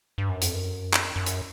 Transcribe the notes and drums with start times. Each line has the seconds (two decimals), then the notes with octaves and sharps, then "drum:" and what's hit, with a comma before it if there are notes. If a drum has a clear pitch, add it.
0.18 G2
0.29 F#2
0.41 F2, drum: hi-hat
0.54 F#2
0.93 drum: clap
1.16 F#2
1.26 drum: hi-hat